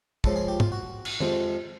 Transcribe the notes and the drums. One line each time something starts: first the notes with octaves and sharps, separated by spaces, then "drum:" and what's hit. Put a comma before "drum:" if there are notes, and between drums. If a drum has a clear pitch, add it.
C#2 C#3 F3 G#3 A4, drum: kick
G#4
G4
F4, drum: tom
F#4
drum: cymbal
F2 C3 F3 G#3, drum: tom